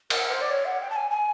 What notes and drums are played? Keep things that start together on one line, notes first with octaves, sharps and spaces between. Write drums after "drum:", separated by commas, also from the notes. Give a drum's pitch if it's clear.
A#4, drum: cymbal
C5
D5
C#5
F#5
G5
A5
G#5
G#5